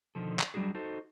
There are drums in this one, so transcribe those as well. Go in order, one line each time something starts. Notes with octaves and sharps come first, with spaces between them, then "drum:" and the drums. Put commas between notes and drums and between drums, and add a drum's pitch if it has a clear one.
B2 D3 D#3 F3 A4
drum: clap
F#3 G3 D4 F#4 G#4
D#4 F#4 A4 C5